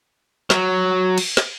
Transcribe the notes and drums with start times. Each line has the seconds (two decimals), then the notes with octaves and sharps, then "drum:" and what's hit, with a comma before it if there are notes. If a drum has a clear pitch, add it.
0.50 F#3, drum: snare
1.18 drum: cymbal
1.37 drum: snare